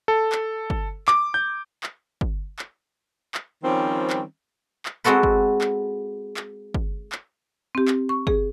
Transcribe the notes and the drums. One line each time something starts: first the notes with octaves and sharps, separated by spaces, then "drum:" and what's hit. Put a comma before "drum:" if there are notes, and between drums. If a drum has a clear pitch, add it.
A4
drum: clap
drum: kick
D6, drum: clap
G6
drum: clap
drum: kick
drum: clap
drum: clap
D#3 F3 G3 C4 C#4
drum: clap
drum: clap
G#3 C4 F#4 A4 B4
drum: kick
drum: clap
drum: clap
drum: kick
drum: clap
C4 G4
drum: clap
C#6
G#4, drum: kick